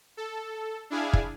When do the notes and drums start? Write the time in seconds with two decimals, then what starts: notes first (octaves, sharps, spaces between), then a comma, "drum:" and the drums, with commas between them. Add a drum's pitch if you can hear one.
0.17 A4
0.90 D4 E4 G#4 F5 G#5
1.13 drum: kick